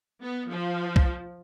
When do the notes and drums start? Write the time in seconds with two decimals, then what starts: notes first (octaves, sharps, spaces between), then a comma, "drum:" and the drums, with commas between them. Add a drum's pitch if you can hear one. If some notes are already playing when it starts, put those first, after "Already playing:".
0.22 B3
0.50 F3
0.96 drum: kick C2